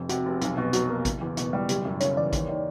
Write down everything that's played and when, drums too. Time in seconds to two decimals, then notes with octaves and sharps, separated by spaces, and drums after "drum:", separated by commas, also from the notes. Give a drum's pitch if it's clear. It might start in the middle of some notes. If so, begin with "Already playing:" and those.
Already playing: F1 F2
0.09 C3 F#4, drum: hi-hat
0.26 F1
0.41 B1, drum: hi-hat
0.57 B2
0.73 F#3 F#4, drum: hi-hat
0.89 A#3
1.05 F#1, drum: kick A1, hi-hat
1.21 E2
1.37 B2, drum: hi-hat
1.53 G3
1.69 F#1 G4, drum: hi-hat
1.85 F#2
2.00 C#3 C#5, drum: hi-hat
2.17 E3 D5
2.33 D#2, drum: kick A1, hi-hat
2.49 D#3